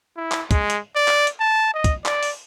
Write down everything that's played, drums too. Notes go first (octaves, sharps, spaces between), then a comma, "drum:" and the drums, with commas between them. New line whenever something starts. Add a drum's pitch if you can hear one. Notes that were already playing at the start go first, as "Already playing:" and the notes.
E4
drum: clap
G#3, drum: kick, hi-hat
drum: hi-hat
D5
drum: clap
drum: hi-hat
A5
D#5
drum: kick, hi-hat
D5, drum: clap
drum: open hi-hat